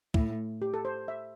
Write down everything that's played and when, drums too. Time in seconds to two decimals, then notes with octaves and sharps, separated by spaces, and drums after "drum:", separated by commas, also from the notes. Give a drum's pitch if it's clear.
0.14 A2 E4, drum: kick
0.62 G4
0.74 A4
0.85 C5
1.08 E5